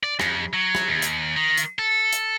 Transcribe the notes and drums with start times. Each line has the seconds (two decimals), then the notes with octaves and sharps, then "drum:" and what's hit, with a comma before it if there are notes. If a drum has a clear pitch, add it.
0.03 D5
0.20 F2, drum: rim click
0.53 F#3
0.75 drum: rim click
0.88 D#2
1.02 drum: hi-hat
1.37 D#3
1.57 drum: hi-hat
1.79 A4
2.13 drum: hi-hat